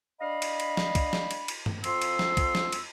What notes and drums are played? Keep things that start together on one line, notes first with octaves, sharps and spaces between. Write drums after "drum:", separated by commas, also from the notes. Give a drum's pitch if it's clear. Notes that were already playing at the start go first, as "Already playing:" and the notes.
D4 D#5 F5 B5
drum: cymbal
drum: cymbal
drum: snare
drum: kick, cymbal
drum: snare
drum: cymbal
drum: cymbal
drum: tom G2
F2 F4 C6 E6, drum: cymbal
drum: cymbal
drum: snare
drum: kick, cymbal
drum: snare
drum: cymbal